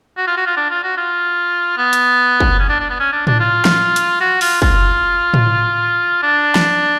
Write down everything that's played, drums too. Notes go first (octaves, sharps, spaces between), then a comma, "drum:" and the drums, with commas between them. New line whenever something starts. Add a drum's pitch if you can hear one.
F#4
F4
F#4
F4
D4
F4
F#4
F4
B3
drum: hi-hat
drum: kick
C#4
D4
D4
B3
C#4
D4
D4, drum: tom A2
F4
drum: snare
drum: hi-hat
F#4
F4, drum: open hi-hat
F4, drum: kick
drum: tom A2
D4
drum: snare